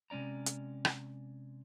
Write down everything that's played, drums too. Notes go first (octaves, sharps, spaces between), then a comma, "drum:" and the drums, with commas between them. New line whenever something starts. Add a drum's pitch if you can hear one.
C3 G#3 C#4 D5 A#5
drum: hi-hat
drum: rim click